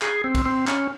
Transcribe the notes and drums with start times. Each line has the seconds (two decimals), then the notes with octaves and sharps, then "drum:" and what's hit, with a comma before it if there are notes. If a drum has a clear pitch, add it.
0.02 G#4, drum: clap
0.24 C4
0.35 drum: kick, cymbal
0.46 C4
0.68 C#4, drum: clap